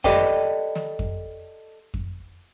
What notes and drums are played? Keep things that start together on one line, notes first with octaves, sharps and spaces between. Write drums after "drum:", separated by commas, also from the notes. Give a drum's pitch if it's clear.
G4 A4 B4 D5 D#5 G5, drum: kick F2
drum: snare
drum: kick F2
drum: kick F2